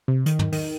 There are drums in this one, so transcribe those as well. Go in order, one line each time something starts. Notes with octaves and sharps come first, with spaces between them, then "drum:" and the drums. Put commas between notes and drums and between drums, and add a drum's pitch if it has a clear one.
C3
D#3, drum: hi-hat
drum: tom
D#3, drum: open hi-hat